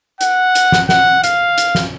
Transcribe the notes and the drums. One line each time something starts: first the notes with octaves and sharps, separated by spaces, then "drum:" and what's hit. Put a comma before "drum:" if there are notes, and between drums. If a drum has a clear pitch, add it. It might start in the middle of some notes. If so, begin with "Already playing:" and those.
F#5, drum: hi-hat
drum: hi-hat
drum: snare
F#5, drum: snare
F5, drum: hi-hat
drum: hi-hat
drum: snare